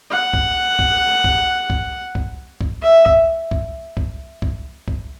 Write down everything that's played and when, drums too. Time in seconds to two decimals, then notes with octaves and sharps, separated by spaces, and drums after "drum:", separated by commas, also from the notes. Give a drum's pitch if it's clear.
0.11 F#5
0.34 drum: kick C2
0.79 drum: kick C2
1.24 drum: kick C2
1.70 drum: kick C2
2.15 drum: kick C2
2.61 drum: kick C2
2.83 E5
3.06 drum: kick C2
3.51 drum: kick C2
3.97 drum: kick C2
4.42 drum: kick C2
4.88 drum: kick C2